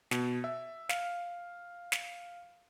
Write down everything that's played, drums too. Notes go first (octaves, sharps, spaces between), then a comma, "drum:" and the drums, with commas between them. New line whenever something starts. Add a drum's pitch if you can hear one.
B2, drum: snare
E5
F5, drum: snare
drum: snare